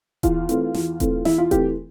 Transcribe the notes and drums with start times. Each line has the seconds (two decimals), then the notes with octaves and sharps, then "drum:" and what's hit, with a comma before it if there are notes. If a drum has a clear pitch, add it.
0.23 E2 F4, drum: kick D#1, hi-hat
0.49 E3 A3 C4, drum: hi-hat
0.74 E2, drum: snare
1.00 E3 A3 C4, drum: kick D#1, hi-hat
1.25 E2 E4, drum: snare
1.38 F4
1.51 E3 A3 C4 G4, drum: kick D#1, hi-hat